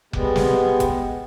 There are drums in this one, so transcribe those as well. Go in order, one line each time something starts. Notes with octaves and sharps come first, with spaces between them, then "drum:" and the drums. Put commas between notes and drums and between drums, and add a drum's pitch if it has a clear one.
G3 G#3 B3, drum: kick F1
drum: snare
drum: kick F1, hi-hat